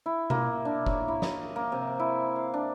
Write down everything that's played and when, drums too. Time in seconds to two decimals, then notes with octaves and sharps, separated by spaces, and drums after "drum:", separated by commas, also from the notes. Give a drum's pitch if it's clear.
0.06 E4
0.30 A#3, drum: tom B2
0.65 D4
0.86 C#5, drum: kick F1
1.08 E4
1.22 D#5, drum: snare
1.56 A#3
1.72 C3
1.99 E4
2.36 F5
2.54 D4